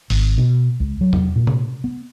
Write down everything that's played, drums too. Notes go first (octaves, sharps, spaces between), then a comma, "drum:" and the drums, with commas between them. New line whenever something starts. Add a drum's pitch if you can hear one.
G#1, drum: open hi-hat
B2
C#2
F#3
drum: tom E2
A#2
drum: tom C3
B3